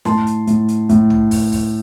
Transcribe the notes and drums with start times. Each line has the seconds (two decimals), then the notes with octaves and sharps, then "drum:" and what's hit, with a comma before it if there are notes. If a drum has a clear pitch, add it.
0.05 A2 A5 C6, drum: snare
0.27 drum: hi-hat
0.47 A2, drum: hi-hat
0.68 drum: hi-hat
0.89 A2, drum: kick, hi-hat
1.10 drum: tom
1.31 drum: kick, open hi-hat
1.52 drum: kick, open hi-hat